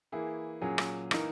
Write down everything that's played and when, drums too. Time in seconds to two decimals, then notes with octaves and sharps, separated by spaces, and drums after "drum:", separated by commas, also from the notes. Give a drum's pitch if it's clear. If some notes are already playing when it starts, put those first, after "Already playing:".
0.12 E3 A#3 E4 G#4
0.61 A#2 F#3 C#4 G#4
0.78 drum: rim click
1.11 E3 A#3 D#4 A#4, drum: rim click